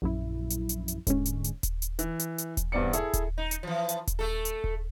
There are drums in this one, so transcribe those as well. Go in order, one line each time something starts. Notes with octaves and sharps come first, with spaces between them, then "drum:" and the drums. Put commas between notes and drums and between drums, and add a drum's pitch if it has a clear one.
A#1 F#2 E4
drum: hi-hat
drum: hi-hat
drum: hi-hat
G#2 D3 G#3 C#4, drum: kick D#1, hi-hat
drum: hi-hat
drum: hi-hat
drum: kick D#1, hi-hat
drum: hi-hat
E3, drum: hi-hat
drum: hi-hat
drum: hi-hat
drum: kick D#1, hi-hat
E2 G2 B3 C4 D5 C#7
E4 G#4 A4, drum: hi-hat
drum: kick D#1, hi-hat
D#4
drum: hi-hat
E3 F3
drum: hi-hat
drum: kick D#1, hi-hat
A3 A4
drum: hi-hat
drum: kick D#1